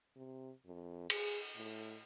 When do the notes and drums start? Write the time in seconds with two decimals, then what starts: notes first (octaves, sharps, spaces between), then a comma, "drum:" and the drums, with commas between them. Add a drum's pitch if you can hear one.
0.17 C3
0.66 F2
1.10 G#4, drum: cymbal
1.57 A2